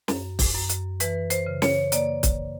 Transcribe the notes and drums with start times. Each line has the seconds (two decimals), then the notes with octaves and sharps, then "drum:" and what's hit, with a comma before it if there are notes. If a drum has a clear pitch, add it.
0.08 F#2, drum: snare
0.39 drum: kick, open hi-hat
0.55 F#2
0.69 drum: hi-hat
1.00 E3 B4, drum: hi-hat
1.30 C5, drum: hi-hat
1.46 C#3
1.62 C#5, drum: snare
1.92 A#3 D5, drum: hi-hat
2.23 drum: kick, hi-hat